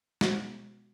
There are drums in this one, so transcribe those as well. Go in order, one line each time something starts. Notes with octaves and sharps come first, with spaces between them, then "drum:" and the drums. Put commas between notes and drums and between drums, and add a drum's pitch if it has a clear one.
B2 G#3 B3 F#4, drum: snare